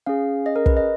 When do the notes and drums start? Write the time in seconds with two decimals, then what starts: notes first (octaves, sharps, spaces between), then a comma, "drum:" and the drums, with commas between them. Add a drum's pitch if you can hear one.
0.06 C#4 G#4 F5
0.46 D#5
0.56 A#4
0.66 B4, drum: kick
0.77 D#5